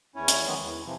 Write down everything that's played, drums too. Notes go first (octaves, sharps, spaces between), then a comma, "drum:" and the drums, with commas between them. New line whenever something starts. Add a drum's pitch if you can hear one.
E2 C#4 E4 C#5
drum: hi-hat
D#3 F#3 G#3 B3 C4
E2
C3 E3 F3